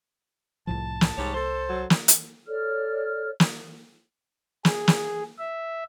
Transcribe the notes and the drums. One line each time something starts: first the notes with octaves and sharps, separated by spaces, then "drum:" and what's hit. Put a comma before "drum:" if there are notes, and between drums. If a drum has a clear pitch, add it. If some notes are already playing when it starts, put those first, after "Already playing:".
C2 A2 F3 A5
drum: snare
C2 G#2 G4 C#5
A4 C5
F#3
drum: snare
drum: hi-hat
A4 C#5 D5 F6
drum: snare
G#4, drum: snare
drum: snare
E5